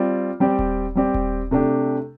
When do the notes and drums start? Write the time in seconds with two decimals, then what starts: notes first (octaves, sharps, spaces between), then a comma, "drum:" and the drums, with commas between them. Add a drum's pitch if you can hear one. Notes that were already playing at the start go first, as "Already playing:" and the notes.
Already playing: G3 C4 F4 D5
0.40 G3 C4 G4 D5
0.59 drum: kick D#1
0.95 G3 C4 G4 D5
1.14 drum: kick D#1
1.51 C3 A3 D4 G4